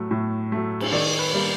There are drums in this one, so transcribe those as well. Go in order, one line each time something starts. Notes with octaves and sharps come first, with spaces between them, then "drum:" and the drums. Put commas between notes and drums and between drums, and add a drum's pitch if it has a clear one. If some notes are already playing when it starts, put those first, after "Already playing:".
Already playing: A2 F#3 A3
A2
F#3 A3
drum: cymbal
D#3 D5
B4
G3 A#3